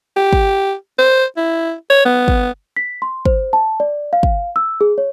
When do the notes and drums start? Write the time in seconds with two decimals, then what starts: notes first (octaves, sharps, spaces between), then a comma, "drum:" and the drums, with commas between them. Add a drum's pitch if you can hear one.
0.17 G4
0.33 drum: kick
0.99 C5
1.37 E4
1.90 C#5
2.05 B3
2.28 drum: kick
2.77 B6
3.02 C6
3.25 C5, drum: kick
3.53 A5
3.80 D5
4.13 F5
4.23 drum: kick
4.56 E6
4.81 G#4
4.98 C#5